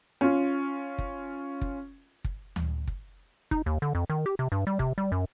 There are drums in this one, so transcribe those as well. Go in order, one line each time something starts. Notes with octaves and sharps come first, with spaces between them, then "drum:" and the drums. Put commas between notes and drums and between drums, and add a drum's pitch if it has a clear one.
C#4 F4
drum: kick
drum: kick
drum: kick
drum: tom D2
drum: kick
D#4, drum: kick
D#2
D3
F2
D#3
G4
C3
G2
G3
C3, drum: kick
G3
F#2